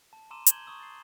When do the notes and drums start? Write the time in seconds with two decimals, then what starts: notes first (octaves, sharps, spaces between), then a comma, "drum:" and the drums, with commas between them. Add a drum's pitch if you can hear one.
0.13 A5
0.30 A#5 C6 D6 E6 D#7 E7
0.46 G6 G#6 E7 F#7 G7, drum: hi-hat
0.67 C#6 D#6 E6
0.80 A6 C7